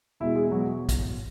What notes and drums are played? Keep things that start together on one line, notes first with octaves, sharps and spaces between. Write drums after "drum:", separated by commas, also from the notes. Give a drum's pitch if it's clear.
E2 B2 G#3 E4
G#3 G#4
F#3 F#4
drum: kick, hi-hat